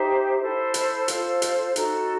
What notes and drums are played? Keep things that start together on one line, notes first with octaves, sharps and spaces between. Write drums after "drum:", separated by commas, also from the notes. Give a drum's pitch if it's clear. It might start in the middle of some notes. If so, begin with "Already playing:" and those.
Already playing: D#4 G4 C5 E5
E4 A4 C5
drum: hi-hat
F4 A4 C5 F5, drum: hi-hat
drum: hi-hat
D#4 F#4 A4, drum: hi-hat